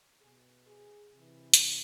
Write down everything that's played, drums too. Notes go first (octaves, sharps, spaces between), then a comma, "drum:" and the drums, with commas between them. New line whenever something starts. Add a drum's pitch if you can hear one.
B2 G#4
G#4
C3 E3
drum: hi-hat